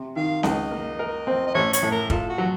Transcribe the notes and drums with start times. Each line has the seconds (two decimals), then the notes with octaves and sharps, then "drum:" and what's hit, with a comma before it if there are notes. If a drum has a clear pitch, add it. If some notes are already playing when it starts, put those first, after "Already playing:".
Already playing: C3
0.16 D#3 F5
0.43 C#2 D#5, drum: snare C4
0.71 A#3
0.99 A#4
1.27 C4
1.47 D#5
1.54 A1 C#5
1.73 C#5, drum: hi-hat
1.82 A2
1.91 A#4
2.10 F4 A4, drum: kick
2.29 F#4
2.38 F#3